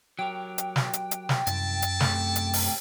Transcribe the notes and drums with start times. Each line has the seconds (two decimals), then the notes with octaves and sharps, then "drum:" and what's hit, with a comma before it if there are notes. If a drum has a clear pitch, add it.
0.19 F#3 G4 A#4 G5
0.58 drum: hi-hat
0.76 drum: snare
0.93 drum: hi-hat
1.11 drum: hi-hat
1.29 drum: snare
1.47 C2 F#2 E4 A5, drum: hi-hat
1.82 drum: hi-hat
2.00 C3 A3, drum: snare
2.36 drum: hi-hat
2.53 drum: open hi-hat